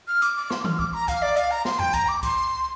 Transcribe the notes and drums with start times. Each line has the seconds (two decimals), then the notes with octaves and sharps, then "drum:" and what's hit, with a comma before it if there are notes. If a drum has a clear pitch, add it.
0.08 F6
0.22 D6, drum: hi-hat
0.37 D6
0.51 C6, drum: snare
0.64 F6, drum: tom D#3
0.79 D6, drum: kick C2
0.94 A#5
1.08 F5, drum: kick C2, hi-hat
1.22 D5
1.37 F5, drum: hi-hat
1.51 A#5
1.65 C6, drum: snare
1.79 G5, drum: tom E2
1.94 A#5, drum: kick C2, hi-hat
2.08 D6
2.23 C6, drum: kick C2, hi-hat